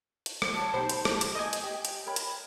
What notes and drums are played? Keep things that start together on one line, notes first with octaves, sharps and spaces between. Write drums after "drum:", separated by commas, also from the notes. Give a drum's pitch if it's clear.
drum: hi-hat
drum: rim click
F#4 C#5 A5
B1 D#4 G4 C5 B5
drum: hi-hat
drum: rim click
drum: hi-hat
C5 D#5 G#5
drum: hi-hat
G4 G5
drum: hi-hat
A#4 C#5 B5
drum: hi-hat